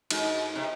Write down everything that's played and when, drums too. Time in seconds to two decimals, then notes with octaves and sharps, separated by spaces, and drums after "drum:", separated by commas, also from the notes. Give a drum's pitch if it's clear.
0.11 G#2, drum: cymbal
0.55 C3